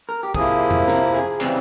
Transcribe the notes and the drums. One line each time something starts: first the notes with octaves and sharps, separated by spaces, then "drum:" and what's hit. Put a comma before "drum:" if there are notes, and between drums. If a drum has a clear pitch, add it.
A#4
G4
C3 F3 A#3 E4 G#4, drum: kick
drum: tom F2
A#4, drum: snare
G#4
C#3 E3 G3 C4, drum: clap